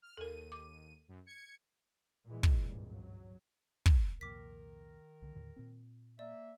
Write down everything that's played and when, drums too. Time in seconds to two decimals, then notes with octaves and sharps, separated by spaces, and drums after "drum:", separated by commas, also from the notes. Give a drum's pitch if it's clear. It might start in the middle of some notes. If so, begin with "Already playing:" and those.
0.02 F6
0.17 D#2 A4 A#4 D#7
0.52 D6
1.08 F#2
1.26 G#6 C#7
2.26 A#2 E3 G#3
2.43 drum: kick
2.61 G#1 C#2 G2 A#2
2.92 F#3
3.86 drum: kick
4.21 C2 F2 A#2 D#3 A#4 D6 B6
5.22 C2 D3
5.35 D#2 A2 D3
5.56 A#2 C4
6.19 A#3 D5 E5